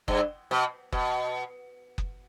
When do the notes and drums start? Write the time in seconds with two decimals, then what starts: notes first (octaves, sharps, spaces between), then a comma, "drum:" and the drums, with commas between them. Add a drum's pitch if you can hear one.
0.08 G2, drum: kick F#1
0.51 B2
0.92 B2, drum: kick F#1
1.98 drum: kick F#1